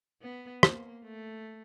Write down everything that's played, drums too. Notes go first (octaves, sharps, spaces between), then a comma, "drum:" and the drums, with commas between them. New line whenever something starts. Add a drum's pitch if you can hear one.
B3
A#3, drum: rim click
A3